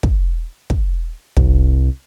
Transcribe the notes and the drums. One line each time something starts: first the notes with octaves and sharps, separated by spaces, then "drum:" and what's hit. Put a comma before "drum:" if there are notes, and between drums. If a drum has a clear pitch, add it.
drum: kick
drum: kick
C2, drum: kick